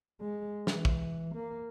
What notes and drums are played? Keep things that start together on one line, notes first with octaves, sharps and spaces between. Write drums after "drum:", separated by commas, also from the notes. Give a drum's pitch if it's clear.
G#3
E3, drum: snare
drum: kick
A#3